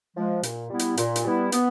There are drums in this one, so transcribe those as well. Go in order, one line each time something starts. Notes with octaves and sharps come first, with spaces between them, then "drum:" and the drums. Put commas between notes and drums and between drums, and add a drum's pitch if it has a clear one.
F3 G#3
A#2, drum: hi-hat
G3 B3 E4
drum: hi-hat
A#2, drum: hi-hat
drum: hi-hat
G3 B3 E4
B3, drum: hi-hat